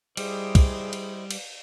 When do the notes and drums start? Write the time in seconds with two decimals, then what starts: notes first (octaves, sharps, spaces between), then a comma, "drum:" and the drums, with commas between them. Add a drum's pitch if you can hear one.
0.17 G3 E4 G#4 C5 D#5, drum: cymbal
0.55 drum: kick, cymbal
0.93 drum: cymbal
1.31 drum: cymbal